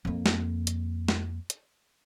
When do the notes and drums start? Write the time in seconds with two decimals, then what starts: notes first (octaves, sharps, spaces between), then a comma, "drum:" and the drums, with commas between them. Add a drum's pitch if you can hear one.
0.05 F2 A#3
0.26 drum: snare
0.67 drum: hi-hat
1.08 drum: snare
1.50 drum: hi-hat